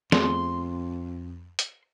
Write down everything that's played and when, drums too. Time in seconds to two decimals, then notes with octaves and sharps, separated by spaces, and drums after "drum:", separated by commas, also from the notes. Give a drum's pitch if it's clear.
0.12 F2 A3 B3 G#4 C6, drum: snare
1.59 drum: hi-hat